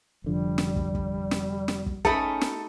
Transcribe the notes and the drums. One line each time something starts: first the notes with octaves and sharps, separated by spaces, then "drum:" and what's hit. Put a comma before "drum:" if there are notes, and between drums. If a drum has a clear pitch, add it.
F1 D3 F3 G3
drum: snare
drum: kick
drum: kick
drum: snare
drum: snare
drum: kick
A3 C#4 D#4 A4 B5, drum: kick
drum: snare